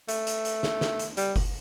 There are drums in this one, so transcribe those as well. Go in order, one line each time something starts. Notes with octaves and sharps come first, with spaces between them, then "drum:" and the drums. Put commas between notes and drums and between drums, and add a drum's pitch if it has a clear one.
A3, drum: hi-hat
drum: hi-hat
drum: hi-hat
drum: snare
drum: snare
drum: hi-hat
G3, drum: hi-hat
drum: kick F#1, open hi-hat